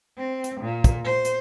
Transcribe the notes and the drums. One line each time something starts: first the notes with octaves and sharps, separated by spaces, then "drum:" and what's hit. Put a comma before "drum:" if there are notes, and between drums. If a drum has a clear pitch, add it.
C4
drum: hi-hat
A#2
drum: kick, hi-hat
C5
drum: hi-hat